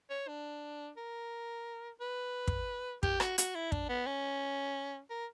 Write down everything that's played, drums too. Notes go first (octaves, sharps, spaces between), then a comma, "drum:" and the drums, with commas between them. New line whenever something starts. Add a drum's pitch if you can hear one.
C#5
D4
A#4
B4
drum: kick
G4, drum: kick
F#4, drum: rim click
F#4, drum: hi-hat
E4
D4, drum: kick
B3
C#4
A#4